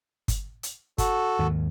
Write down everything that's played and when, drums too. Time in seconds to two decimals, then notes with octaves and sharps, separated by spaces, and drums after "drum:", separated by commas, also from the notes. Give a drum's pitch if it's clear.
0.28 drum: kick G1, hi-hat
0.63 drum: hi-hat
0.98 F#4 A4, drum: kick G1, hi-hat
1.39 D#2 G#2 D#3